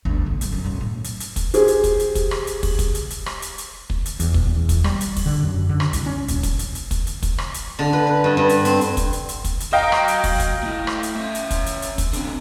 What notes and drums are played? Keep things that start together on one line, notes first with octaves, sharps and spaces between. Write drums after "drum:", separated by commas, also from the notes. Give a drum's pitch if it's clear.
G1 D2
B1
F3 F#3, drum: hi-hat
F#2
B1 F#3
A2
drum: hi-hat
drum: hi-hat
drum: kick, hi-hat
G4 G#4 C5, drum: hi-hat
drum: hi-hat
drum: kick, hi-hat
drum: hi-hat
drum: kick, hi-hat
drum: rim click
drum: hi-hat
drum: kick, open hi-hat
drum: kick, hi-hat
drum: hi-hat
drum: hi-hat
drum: rim click
drum: hi-hat
drum: hi-hat
drum: kick
drum: hi-hat
E2, drum: hi-hat
D#1, drum: kick
E2
drum: kick, hi-hat
G3, drum: rim click
drum: hi-hat
drum: kick, open hi-hat
D3
F#2
D3
drum: rim click
C2, drum: hi-hat
C#4
D#1, drum: hi-hat
drum: kick, hi-hat
drum: hi-hat
drum: hi-hat
drum: kick, hi-hat
drum: hi-hat
drum: kick, hi-hat
drum: rim click
drum: hi-hat
D3
B4
B4
G2
G2
drum: hi-hat
C4, drum: hi-hat
drum: hi-hat
drum: kick, hi-hat
drum: hi-hat
drum: hi-hat
drum: kick, hi-hat
drum: hi-hat
F#4 D#5 F5 G5 A#5
drum: rim click
drum: hi-hat
drum: kick, open hi-hat
drum: kick, hi-hat
A3 E4
drum: rim click
drum: hi-hat
C#4 E5
drum: hi-hat
drum: kick, hi-hat
drum: hi-hat
drum: hi-hat
drum: kick, hi-hat
D3 C4, drum: hi-hat